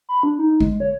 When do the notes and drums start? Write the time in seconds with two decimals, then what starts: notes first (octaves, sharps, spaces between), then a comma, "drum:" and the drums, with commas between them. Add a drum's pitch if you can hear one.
0.09 B5
0.23 D4
0.39 D#4
0.61 G#3, drum: kick A1
0.80 C#5